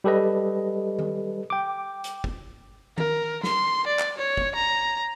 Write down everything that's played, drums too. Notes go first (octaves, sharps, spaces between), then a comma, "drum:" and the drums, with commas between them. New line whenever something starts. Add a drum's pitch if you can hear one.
G3 G4 A4 B4 D#5
drum: tom D#3
G5 D6
drum: hi-hat
drum: kick
A#4, drum: tom D#3
C6, drum: snare
D5
drum: clap
C#5
drum: kick
A#5